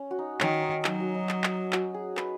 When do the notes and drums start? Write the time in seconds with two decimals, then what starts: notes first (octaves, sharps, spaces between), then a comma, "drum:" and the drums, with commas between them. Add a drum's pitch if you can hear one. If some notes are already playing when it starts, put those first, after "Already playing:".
Already playing: C#4
0.11 F#4
0.19 D#4
0.40 D#3 C#4, drum: clap
0.62 D#4
0.84 F#3 D#4, drum: clap
1.00 F#4
1.14 D#4
1.29 drum: clap
1.44 drum: clap
1.72 F#4, drum: clap
1.94 G#4
2.17 B4, drum: clap